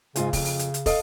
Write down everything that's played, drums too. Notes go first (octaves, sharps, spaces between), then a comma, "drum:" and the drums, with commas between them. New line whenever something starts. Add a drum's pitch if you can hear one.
G#2 C#3 F4 G#5, drum: hi-hat
F2, drum: kick, open hi-hat
drum: open hi-hat
drum: hi-hat
drum: hi-hat
A4 D#5 F5, drum: kick, open hi-hat